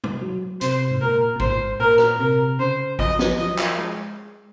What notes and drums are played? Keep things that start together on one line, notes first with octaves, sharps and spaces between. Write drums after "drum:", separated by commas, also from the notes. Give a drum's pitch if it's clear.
drum: tom
F#3
C3 C5, drum: hi-hat
G#2
A#2 A#4
A#2
G#2 C5, drum: kick A1
A#2 A#4
drum: rim click
C3 A#4
C#3 C5
F3 D#5, drum: kick A1
F3, drum: snare
F3 D#5
F#3
F3, drum: clap
G#3